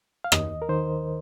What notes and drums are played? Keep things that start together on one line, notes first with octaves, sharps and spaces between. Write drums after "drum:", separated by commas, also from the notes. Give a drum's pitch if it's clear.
F5
D#2 D#5, drum: rim click
A#4
D#3 C5